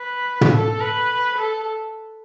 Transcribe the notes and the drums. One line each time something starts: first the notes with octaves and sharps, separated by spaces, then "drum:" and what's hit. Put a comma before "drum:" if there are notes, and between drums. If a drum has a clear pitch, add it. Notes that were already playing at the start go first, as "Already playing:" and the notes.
Already playing: B4
drum: tom
A4
B4
A4